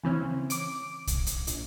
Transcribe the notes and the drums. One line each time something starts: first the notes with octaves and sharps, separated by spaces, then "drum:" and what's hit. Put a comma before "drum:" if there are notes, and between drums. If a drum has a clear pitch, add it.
C#3 E3 C4 C#4
D6 D7, drum: hi-hat
drum: kick, hi-hat
drum: hi-hat
A#1, drum: hi-hat